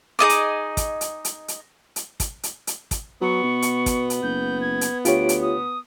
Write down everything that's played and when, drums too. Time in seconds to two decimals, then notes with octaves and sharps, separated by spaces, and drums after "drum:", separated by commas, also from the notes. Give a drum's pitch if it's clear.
0.19 D#4 G#4 D#5 D6
0.29 drum: hi-hat
0.77 drum: kick, hi-hat
1.01 drum: hi-hat
1.25 drum: hi-hat
1.48 drum: hi-hat
1.96 drum: hi-hat
2.20 drum: kick, hi-hat
2.43 drum: hi-hat
2.67 drum: hi-hat
2.91 drum: kick, hi-hat
3.21 F#3 B3 C#6
3.43 B2
3.62 drum: hi-hat
3.86 drum: kick, hi-hat
4.10 drum: hi-hat
4.23 F#1 G6
4.61 G#6
4.81 drum: hi-hat
5.05 D2 F4 G4 C#5 D7, drum: hi-hat
5.29 drum: hi-hat
5.41 D#6